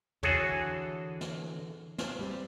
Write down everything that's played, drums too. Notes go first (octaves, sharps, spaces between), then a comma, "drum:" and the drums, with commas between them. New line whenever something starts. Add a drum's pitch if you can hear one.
D3 E3 F#4 G#4 A4 C#5, drum: tom
drum: snare
drum: snare
G3 C4